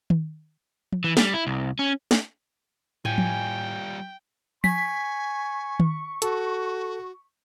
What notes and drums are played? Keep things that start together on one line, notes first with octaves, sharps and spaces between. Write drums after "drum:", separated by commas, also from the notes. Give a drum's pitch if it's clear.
drum: tom D#3
drum: tom F3
E3
G3, drum: snare
E4
C2
C#4
drum: snare
A2 G3 F4 G5 G#5
drum: tom F3
G#5 C#6 B6, drum: tom F3
drum: tom D#3
F#4 A4, drum: hi-hat